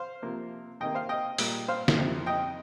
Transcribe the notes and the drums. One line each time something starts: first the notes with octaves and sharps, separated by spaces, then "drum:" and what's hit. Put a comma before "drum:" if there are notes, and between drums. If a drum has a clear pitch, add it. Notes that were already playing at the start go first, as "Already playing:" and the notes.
Already playing: C5 F5
C3 F3 A#3
C3 D#3 A#3 D#5 G5
C5 F5
D#5 G5
A#2 G3 A#3, drum: open hi-hat
C5 F5
drum: snare
F2 C3 F3
D#5 G5